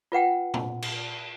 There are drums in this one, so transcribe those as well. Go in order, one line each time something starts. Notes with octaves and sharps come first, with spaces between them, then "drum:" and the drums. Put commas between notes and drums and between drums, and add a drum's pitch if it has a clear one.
F4 B4 F#5 G5
drum: tom
drum: cymbal